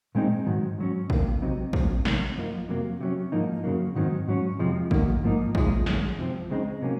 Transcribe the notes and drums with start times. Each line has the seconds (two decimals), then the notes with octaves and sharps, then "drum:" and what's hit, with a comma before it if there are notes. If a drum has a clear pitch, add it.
0.15 A#2 G#3 C4 D#4
0.46 G#2 D#3 F#3
0.78 G#2 F#3 C#4
1.10 C3 D#3 A#3, drum: kick
1.42 C#2 C3 F#3 C4 D#4
1.73 C2 A#2 F#3 C4, drum: kick
2.05 C2 C3 D#3, drum: snare
2.37 F#2 F3 A#3 D#4
2.69 F2 C3 F#3 A#3
3.01 C3 F#3 C#4
3.32 G#2 F3 A#3 D#4
3.64 F#2 C#3 F#3 A#3
3.95 G#2 D#3 F#3 C4
4.28 G#2 F#3 C#4
4.59 F2 C3 F3 G#3
4.91 F#2 D#3 A#3, drum: kick
5.23 G#2 F3 A#3 D#4
5.55 C2 A#2 F3 G#3 D#4, drum: kick
5.86 F#2 D#3 G#3, drum: snare
6.18 C3 F3 C4
6.50 C#2 C#3 G#3 C4 D#4
6.82 C3 F#3 A#3 C#4